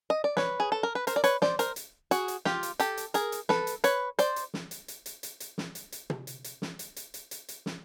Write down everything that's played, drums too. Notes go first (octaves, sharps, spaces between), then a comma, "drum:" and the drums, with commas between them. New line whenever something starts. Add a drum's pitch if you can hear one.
D#5
D5
B4 C#5, drum: snare
G#4
A4
A#4
B4
A#4 C5, drum: hi-hat
D5
B4 C#5, drum: hi-hat
C5 D5, drum: snare
A#4 C5, drum: hi-hat
drum: hi-hat
F#4 G#4, drum: hi-hat
drum: hi-hat
F4 G4, drum: snare
drum: hi-hat
G4 A4, drum: hi-hat
drum: hi-hat
G#4 A#4, drum: hi-hat
drum: hi-hat
A4 B4, drum: snare
drum: hi-hat
B4 C#5, drum: hi-hat
C5 D5, drum: hi-hat
drum: hi-hat
drum: snare
drum: hi-hat
drum: hi-hat
drum: hi-hat
drum: hi-hat
drum: hi-hat
drum: snare
drum: hi-hat
drum: hi-hat
drum: tom
drum: hi-hat
drum: hi-hat
drum: snare
drum: hi-hat
drum: hi-hat
drum: hi-hat
drum: hi-hat
drum: hi-hat
drum: snare